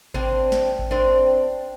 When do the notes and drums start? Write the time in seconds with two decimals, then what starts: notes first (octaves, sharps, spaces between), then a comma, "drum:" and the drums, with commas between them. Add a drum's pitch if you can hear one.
0.14 C4 D4, drum: kick G#1
0.52 drum: snare
0.79 drum: kick G#1
0.91 C4 D4